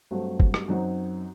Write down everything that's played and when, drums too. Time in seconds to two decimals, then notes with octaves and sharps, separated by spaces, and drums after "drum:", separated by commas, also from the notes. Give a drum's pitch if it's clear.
0.11 G2 F#3 A3 C4 F#4
0.40 drum: kick G1
0.54 drum: rim click
0.68 F#2 F#3 C4 D#4 F#4